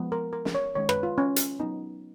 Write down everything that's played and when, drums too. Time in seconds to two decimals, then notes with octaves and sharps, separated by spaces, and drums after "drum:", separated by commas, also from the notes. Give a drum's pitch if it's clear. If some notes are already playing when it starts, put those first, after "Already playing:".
Already playing: F3 G#3 B3
0.12 A#4
0.33 A#4
0.45 drum: snare
0.55 C#5
0.75 D#3 G#3 C#4 C#5
0.89 B4, drum: rim click
1.03 F4
1.18 C#4
1.36 drum: hi-hat
1.59 F#3 B3 D#4